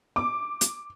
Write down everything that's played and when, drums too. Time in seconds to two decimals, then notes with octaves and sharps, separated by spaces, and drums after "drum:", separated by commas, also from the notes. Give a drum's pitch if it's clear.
0.16 D6
0.61 drum: hi-hat